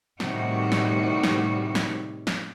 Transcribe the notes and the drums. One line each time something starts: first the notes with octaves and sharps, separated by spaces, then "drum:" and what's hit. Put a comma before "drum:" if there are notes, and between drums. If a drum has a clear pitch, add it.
A2 C3 D#3 G3 F#4, drum: snare
drum: snare
drum: snare
drum: snare
drum: snare